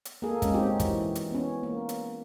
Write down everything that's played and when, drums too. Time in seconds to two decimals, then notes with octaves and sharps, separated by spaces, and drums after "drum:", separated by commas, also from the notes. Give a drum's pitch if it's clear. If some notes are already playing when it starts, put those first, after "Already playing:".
0.05 drum: hi-hat
0.22 A#3 G#4 A4
0.42 G#3 C#4, drum: kick, hi-hat
0.53 C4 C#4 D#4 F#4 G4
0.80 E3, drum: kick, hi-hat
1.15 drum: hi-hat
1.31 B3 C#4
1.63 A#3
1.89 drum: hi-hat